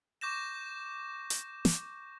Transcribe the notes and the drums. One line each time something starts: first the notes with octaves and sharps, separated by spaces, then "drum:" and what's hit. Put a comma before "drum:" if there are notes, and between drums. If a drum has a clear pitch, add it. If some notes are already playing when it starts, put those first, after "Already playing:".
C#6 D6 G6 A#6 E7
drum: hi-hat
drum: snare